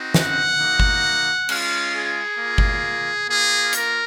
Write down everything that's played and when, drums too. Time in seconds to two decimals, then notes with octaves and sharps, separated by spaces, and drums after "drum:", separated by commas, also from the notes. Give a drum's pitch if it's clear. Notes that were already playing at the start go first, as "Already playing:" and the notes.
Already playing: C4 D#4 F#4
0.14 F#5, drum: snare
0.59 A#3 D#4 F#4
0.80 drum: kick G1
1.49 G#3 C#4 F4 F5, drum: cymbal
1.93 G#4
2.38 A#3 F4
2.58 drum: kick G1
3.27 A#3 F4 G#4
3.73 A#4, drum: hi-hat